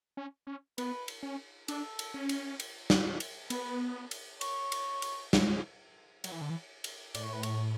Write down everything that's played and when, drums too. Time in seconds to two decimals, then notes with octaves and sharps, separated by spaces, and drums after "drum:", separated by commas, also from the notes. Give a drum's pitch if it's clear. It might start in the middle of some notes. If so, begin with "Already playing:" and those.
0.17 C#4
0.47 C#4
0.78 B3 B4, drum: cymbal
1.08 drum: cymbal
1.23 C#4
1.68 D4 A4, drum: cymbal
1.99 drum: cymbal
2.14 C#4
2.29 drum: cymbal
2.60 drum: cymbal
2.90 drum: snare
3.20 drum: cymbal
3.50 B3 B4, drum: cymbal
4.11 drum: cymbal
4.41 C#5, drum: cymbal
4.72 drum: cymbal
5.02 drum: cymbal
5.33 G#3, drum: snare
6.24 F#3, drum: cymbal
6.32 E3
6.41 D3
6.50 E3
6.84 drum: cymbal
7.15 A2 D5, drum: cymbal
7.24 C#5
7.33 B4
7.43 C#5, drum: cymbal